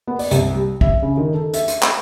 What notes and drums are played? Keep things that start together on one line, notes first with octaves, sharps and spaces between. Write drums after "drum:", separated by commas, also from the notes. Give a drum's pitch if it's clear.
B3
D5, drum: open hi-hat
C2, drum: hi-hat
G3
E5, drum: kick
C#3
D#3
A4
E5, drum: hi-hat
drum: hi-hat
drum: clap